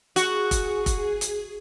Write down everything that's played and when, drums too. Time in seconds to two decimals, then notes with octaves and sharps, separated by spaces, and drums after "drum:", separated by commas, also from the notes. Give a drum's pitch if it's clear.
0.16 F#4 G#4, drum: hi-hat
0.51 drum: kick F1, hi-hat
0.86 drum: kick F1, hi-hat
1.21 drum: hi-hat